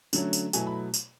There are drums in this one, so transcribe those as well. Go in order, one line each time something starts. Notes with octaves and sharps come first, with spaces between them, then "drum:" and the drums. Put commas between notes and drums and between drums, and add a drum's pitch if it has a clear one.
D3 F#3 A3 C#4, drum: tambourine
drum: tambourine
B2 F#3 A3 E4 G#5, drum: tambourine
B5
drum: tambourine